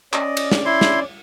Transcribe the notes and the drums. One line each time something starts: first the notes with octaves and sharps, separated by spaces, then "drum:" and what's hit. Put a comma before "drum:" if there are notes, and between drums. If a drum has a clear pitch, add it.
C#4 D5 D#5, drum: clap
drum: cymbal
drum: snare
E4 C6
drum: snare